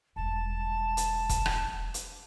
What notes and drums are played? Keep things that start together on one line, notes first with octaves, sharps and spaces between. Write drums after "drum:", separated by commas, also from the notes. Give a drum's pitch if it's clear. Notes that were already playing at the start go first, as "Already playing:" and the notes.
E1 G3 A5
drum: hi-hat
drum: kick E1, hi-hat
drum: rim click
drum: hi-hat